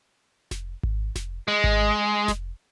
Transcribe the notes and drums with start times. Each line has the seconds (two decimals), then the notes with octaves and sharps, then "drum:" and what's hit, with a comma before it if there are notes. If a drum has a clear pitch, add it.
0.51 drum: snare F1
0.83 drum: kick G#1
1.16 drum: snare F1
1.48 G#3
1.64 drum: kick G#1
2.28 drum: snare F1